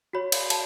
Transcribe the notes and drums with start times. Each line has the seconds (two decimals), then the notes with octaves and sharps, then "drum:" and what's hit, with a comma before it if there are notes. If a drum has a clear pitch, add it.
0.13 F#4 C#5 B5
0.32 drum: cymbal
0.50 A5, drum: cymbal